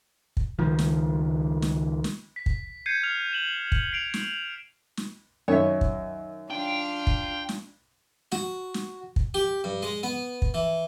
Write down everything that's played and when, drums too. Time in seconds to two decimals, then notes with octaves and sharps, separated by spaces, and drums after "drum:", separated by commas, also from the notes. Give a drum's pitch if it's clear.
0.37 drum: kick
0.59 C#2 D#3 F3
0.79 drum: snare
1.62 drum: snare
2.04 drum: snare
2.36 B6
2.46 drum: kick
2.86 G6 G#6 C7 C#7 D#7
3.03 F6 F7
3.33 E7 F#7
3.72 drum: kick
3.93 C7 D7 F7
4.14 drum: snare
4.97 drum: snare
5.48 F#2 D#3 C#5 E5
5.81 drum: kick
6.51 D4 F4 G5
7.07 drum: kick
7.49 drum: snare
8.32 F#4, drum: snare
8.74 drum: snare
9.16 drum: kick
9.34 G4
9.64 G2
9.82 G#3
10.03 B3
10.42 drum: kick
10.54 E3